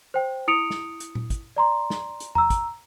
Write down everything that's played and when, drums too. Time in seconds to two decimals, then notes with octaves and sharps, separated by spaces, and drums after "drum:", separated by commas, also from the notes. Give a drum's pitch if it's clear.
0.14 C5 G5
0.48 E4 D#6 C#7 D7 F7
0.70 drum: snare
1.00 drum: hi-hat
1.15 drum: tom A#2
1.30 drum: kick, hi-hat
1.56 D5 A#5 C6
1.90 drum: snare
2.20 drum: hi-hat
2.35 A#5 E6, drum: tom E2
2.50 drum: kick, hi-hat